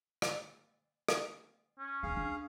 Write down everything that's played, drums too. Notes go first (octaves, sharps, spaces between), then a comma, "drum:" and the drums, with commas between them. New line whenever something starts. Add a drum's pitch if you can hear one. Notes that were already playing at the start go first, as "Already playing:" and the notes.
drum: rim click
drum: rim click
C#4
D1 D4 G#4 F5
D4